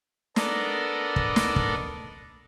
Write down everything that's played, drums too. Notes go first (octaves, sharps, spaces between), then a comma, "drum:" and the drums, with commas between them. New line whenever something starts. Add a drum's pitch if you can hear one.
B3 D4 A4 A#4 D5 D#5, drum: snare
drum: kick
drum: snare
drum: kick